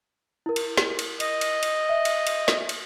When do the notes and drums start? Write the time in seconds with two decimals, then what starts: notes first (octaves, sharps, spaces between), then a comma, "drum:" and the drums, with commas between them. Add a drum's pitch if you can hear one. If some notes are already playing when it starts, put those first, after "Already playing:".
0.46 E4 A#4
0.56 drum: cymbal
0.77 drum: snare
0.99 drum: cymbal
1.20 D#5, drum: cymbal
1.41 drum: cymbal
1.63 drum: cymbal
1.89 E5
2.05 drum: cymbal
2.27 drum: cymbal
2.48 drum: snare
2.69 drum: cymbal